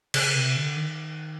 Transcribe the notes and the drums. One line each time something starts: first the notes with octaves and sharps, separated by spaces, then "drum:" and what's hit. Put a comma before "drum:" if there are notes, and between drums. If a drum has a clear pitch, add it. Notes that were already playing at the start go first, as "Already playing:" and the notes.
C#3, drum: cymbal
C3
D3
D#3